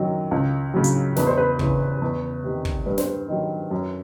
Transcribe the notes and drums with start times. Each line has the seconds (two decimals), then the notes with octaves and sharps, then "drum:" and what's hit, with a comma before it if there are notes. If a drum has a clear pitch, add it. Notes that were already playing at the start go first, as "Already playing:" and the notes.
Already playing: F#2 D#3 F#3
0.31 C#2
0.74 C#3 F#3
0.84 drum: hi-hat
1.16 E2 B4, drum: snare
1.27 C5
1.37 B4
1.59 C#3 E3, drum: kick
2.02 E2
2.44 C3 D#3
2.65 drum: kick
2.86 G2 B4
2.98 C5, drum: snare
3.08 B4
3.28 D#3 F#3
3.71 F#2